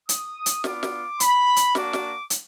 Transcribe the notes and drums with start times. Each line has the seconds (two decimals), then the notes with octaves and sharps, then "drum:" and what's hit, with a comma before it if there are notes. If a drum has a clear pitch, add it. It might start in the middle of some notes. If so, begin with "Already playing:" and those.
0.09 D#6, drum: hi-hat
0.46 drum: hi-hat
0.64 B3 D4 F4 D6, drum: snare
0.83 drum: snare
1.20 B5, drum: hi-hat
1.56 drum: hi-hat
1.75 A#3 D4 F#4 D6, drum: snare
1.93 drum: snare
2.30 drum: hi-hat